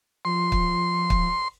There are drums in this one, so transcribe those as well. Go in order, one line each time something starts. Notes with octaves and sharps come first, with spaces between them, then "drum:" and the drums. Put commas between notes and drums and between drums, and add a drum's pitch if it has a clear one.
F3 C6
drum: kick
drum: kick